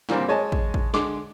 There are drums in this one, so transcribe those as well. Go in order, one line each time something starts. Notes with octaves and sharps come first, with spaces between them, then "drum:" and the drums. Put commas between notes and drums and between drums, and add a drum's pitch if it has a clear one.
A#2 D3 E3 G3 A#3 C4, drum: snare
G#3 C#5 D#5 G#5 A5
drum: kick
drum: kick
D3 G#3 D6, drum: snare